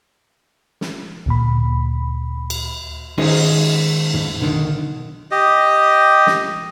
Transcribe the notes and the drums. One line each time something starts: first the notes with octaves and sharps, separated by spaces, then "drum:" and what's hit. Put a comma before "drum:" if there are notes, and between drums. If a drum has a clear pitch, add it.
drum: snare
D2 A#2 B5
drum: cymbal
D#3 G#3 C#4 D#4 G#4, drum: cymbal
drum: tom
B1 D3 D#3
G4 D#5
drum: snare